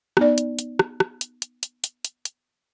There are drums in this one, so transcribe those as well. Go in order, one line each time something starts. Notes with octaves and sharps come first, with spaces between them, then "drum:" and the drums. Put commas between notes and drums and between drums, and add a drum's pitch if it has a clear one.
B3 D#4 D5, drum: rim click
drum: hi-hat
drum: hi-hat
drum: rim click
drum: rim click
drum: hi-hat
drum: hi-hat
drum: hi-hat
drum: hi-hat
drum: hi-hat
drum: hi-hat